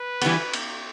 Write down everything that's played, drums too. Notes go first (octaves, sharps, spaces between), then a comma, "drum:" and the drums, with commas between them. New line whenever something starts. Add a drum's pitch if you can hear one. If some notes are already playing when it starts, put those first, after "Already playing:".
Already playing: B4
E3 G3 B3, drum: cymbal
drum: cymbal